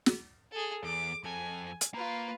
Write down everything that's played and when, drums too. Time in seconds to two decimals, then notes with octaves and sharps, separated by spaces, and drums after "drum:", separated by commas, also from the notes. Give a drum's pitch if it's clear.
0.06 drum: snare
0.51 G#4 A4
0.84 E2 D6
1.24 F2 A4 G#5
1.81 drum: hi-hat
1.94 A#3 F4 B4 A#5